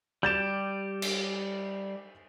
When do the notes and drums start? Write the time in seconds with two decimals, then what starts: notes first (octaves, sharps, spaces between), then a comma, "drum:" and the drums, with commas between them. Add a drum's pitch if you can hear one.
0.23 G3 G4 G6 A6 E7
1.02 drum: cymbal